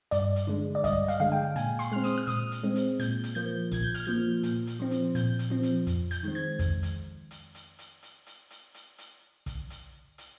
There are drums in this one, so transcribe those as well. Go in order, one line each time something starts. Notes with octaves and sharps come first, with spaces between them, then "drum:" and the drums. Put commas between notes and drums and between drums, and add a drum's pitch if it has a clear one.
G2 D5, drum: hi-hat
drum: hi-hat
D3 G#3
D5
G2 D#5, drum: kick, hi-hat
F5, drum: hi-hat
D3 G#3 F5
G5
A#2 G#5, drum: hi-hat
C6, drum: hi-hat
G#3 C4 F6
D#6, drum: hi-hat
F6
A#2 D#6, drum: hi-hat
drum: hi-hat
G#3 C4
drum: hi-hat
A#2 G6, drum: hi-hat
drum: hi-hat
F3 A#3 G6
A#2 G#6, drum: kick, hi-hat
G6
F6, drum: hi-hat
F3 A#3 G6
A#2, drum: hi-hat
drum: hi-hat
F3 C4
drum: hi-hat
A#2 G6, drum: hi-hat
drum: hi-hat
F3 C4
drum: hi-hat
F2, drum: hi-hat
G6, drum: hi-hat
D#3 G#3 C4
G#6
F2, drum: kick, hi-hat
drum: hi-hat
drum: hi-hat
drum: hi-hat
drum: hi-hat
drum: hi-hat
drum: hi-hat
drum: hi-hat
drum: hi-hat
drum: hi-hat
drum: kick, hi-hat
drum: hi-hat
drum: hi-hat